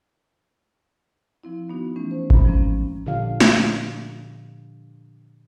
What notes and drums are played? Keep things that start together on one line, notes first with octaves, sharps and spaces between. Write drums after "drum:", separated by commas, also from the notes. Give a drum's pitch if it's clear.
F3 C4 E4
D#3 B3 D#4 F#4
E3 A3 C#4
C5
G#2 D#3 G#3 A#5 B5, drum: kick G#1
F3 G3 C4 C#4
A#2 D3 F3 D4 G4 F5
drum: snare